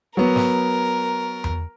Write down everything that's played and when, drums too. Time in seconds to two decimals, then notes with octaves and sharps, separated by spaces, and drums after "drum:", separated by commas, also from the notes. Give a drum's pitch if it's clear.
0.17 F#3 B3 A#4
0.36 drum: snare
1.44 drum: tom E2